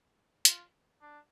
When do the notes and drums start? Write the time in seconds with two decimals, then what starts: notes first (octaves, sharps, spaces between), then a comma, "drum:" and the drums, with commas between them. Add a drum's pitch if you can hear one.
0.45 F4, drum: hi-hat
1.02 D4